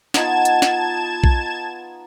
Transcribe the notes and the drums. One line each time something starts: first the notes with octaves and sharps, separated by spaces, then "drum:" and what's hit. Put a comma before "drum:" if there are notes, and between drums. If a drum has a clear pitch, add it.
B3 D#4 F4 A5 G#6 E7, drum: snare
drum: hi-hat
drum: snare
drum: kick A#1